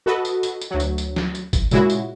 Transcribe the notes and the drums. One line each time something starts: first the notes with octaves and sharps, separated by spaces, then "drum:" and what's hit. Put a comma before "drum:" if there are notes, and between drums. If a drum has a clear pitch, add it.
F#4 A4 B4 D#5
drum: tambourine
drum: tambourine
drum: tambourine
D2 F#3
drum: tambourine
drum: tambourine
drum: snare
drum: tambourine
drum: kick, tambourine
A#2 C#3 G#3 E4 F#4, drum: tambourine
drum: tambourine